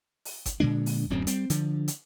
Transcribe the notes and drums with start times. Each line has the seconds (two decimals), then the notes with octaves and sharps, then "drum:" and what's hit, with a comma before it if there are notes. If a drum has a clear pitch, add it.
0.25 drum: open hi-hat
0.46 drum: kick G1, hi-hat
0.60 A#2 D3 G#3 D4
0.86 drum: open hi-hat
1.10 D1 F#2 A2 C4
1.27 G3 C4, drum: hi-hat
1.50 D3 F3, drum: hi-hat
1.88 drum: hi-hat